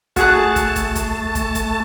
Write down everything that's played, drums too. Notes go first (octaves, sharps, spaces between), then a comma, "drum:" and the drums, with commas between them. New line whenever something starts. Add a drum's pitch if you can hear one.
A3 F#4 G#4 A5 F#6, drum: kick, hi-hat
drum: kick, hi-hat
drum: kick, hi-hat
drum: kick, hi-hat
drum: kick, hi-hat
drum: kick, hi-hat